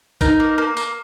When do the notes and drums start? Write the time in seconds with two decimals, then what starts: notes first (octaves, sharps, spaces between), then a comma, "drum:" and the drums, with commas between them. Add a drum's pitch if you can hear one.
0.21 D#4 A#4, drum: kick A#1, tambourine
0.40 A#3
0.58 A#3
0.77 A#3, drum: tambourine